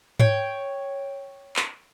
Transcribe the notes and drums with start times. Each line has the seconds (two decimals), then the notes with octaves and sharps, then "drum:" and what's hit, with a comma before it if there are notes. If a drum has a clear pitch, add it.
0.20 C#5 G5, drum: tom G#2
1.56 drum: clap